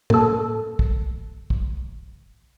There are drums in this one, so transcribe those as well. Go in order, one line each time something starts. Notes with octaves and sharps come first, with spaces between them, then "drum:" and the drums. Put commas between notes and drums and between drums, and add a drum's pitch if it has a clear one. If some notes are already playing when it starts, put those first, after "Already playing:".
A#3 A4, drum: tom A2
drum: kick
drum: kick